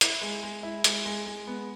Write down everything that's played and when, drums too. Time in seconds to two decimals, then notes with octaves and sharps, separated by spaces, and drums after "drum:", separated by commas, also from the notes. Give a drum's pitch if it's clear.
0.01 E4, drum: hi-hat
0.22 G#3
0.43 G#3
0.63 E4
0.84 G#3, drum: hi-hat
1.05 G#3
1.26 G#3
1.47 B3